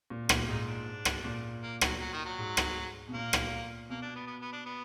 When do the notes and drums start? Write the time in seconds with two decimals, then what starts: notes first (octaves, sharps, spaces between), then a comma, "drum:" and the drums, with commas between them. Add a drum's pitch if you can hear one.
0.10 A#2
0.29 A#2, drum: rim click
0.48 G#2 D#4
0.68 D4
1.05 drum: rim click
1.24 A#2
1.62 A#3
1.81 F#3, drum: rim click
2.00 F#3
2.13 D#3
2.25 F#3
2.38 G#2
2.57 drum: rim click
3.08 B2
3.13 A#2 A#3
3.33 drum: rim click
3.90 B2 A#3
4.02 D4
4.15 B3
4.27 B3
4.41 B3
4.52 D4
4.66 B3